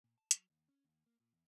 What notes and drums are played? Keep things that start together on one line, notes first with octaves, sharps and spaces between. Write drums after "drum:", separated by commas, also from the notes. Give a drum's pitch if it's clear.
A#2
A5
F#3, drum: hi-hat
D#2
C#4
D#2
A#3
A#2
E2